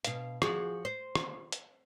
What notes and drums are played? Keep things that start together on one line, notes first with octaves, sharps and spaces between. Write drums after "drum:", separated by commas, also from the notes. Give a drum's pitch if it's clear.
B2 F5, drum: hi-hat
F3 F#4 G#4, drum: rim click
C5
drum: rim click
drum: hi-hat